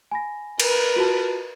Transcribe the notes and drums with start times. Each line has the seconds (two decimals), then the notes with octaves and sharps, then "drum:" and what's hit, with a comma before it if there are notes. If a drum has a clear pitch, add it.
0.11 G#5 B5 A#6
0.60 A#4 B4, drum: cymbal
0.96 F4 F#4 A5